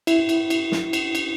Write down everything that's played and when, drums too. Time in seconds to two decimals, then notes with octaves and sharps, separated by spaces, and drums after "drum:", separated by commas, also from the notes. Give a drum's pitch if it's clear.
0.07 E4, drum: cymbal
0.29 drum: cymbal
0.50 drum: cymbal
0.72 drum: snare
0.93 drum: cymbal
1.15 drum: cymbal